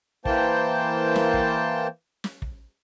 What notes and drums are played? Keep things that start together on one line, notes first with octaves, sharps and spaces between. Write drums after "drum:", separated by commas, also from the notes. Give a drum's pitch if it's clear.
E3 A#3 C5 G5 A5, drum: kick
drum: snare
drum: kick
drum: snare
drum: kick